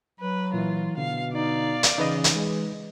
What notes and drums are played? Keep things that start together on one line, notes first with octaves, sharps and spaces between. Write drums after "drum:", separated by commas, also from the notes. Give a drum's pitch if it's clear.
F#3 B4
A#2 E3 F4
B2 D3 F5
D#4 D5 F5
drum: hi-hat
C#3 E3 D#4 B4 D#5
drum: hi-hat
G#3